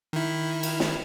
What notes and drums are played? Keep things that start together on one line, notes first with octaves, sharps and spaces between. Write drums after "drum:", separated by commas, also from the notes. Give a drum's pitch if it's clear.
D#3 E4
drum: cymbal
drum: snare